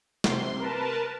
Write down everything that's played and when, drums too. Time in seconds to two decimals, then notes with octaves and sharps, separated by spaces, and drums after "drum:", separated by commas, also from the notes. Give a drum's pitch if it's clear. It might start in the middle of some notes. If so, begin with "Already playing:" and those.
0.24 C3 C6, drum: snare
0.59 A#4 B4 A5